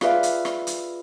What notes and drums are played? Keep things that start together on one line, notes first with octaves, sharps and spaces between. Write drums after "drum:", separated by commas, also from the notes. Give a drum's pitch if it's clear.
F4 G#4 B4 D5 E5 F5, drum: rim click
drum: hi-hat
drum: rim click
drum: hi-hat